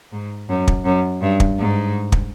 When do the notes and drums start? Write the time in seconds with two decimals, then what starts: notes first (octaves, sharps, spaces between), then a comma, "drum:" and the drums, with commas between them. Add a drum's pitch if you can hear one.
0.13 G#2
0.49 F#2
0.68 drum: kick
0.85 F#2
1.22 G2
1.40 drum: kick
1.58 G#2
2.12 drum: kick